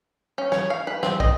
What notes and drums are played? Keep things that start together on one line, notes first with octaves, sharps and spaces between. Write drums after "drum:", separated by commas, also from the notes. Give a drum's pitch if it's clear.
C#4
C#5, drum: snare
F5
B4
C4, drum: snare
D#5, drum: kick